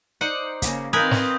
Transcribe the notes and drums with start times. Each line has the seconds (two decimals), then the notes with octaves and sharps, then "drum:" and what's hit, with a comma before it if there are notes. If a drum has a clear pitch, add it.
0.21 D#4 C5 D5 F#5
0.62 C#3 A#3, drum: kick, hi-hat
0.93 D#3 C4 A#4 B4 F5 G#5 D#6 G6
1.11 drum: snare